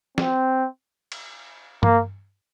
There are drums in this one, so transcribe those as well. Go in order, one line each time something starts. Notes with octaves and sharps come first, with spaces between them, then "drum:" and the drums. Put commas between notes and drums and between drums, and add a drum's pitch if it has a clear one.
C4, drum: snare
drum: cymbal
A#3, drum: tom G2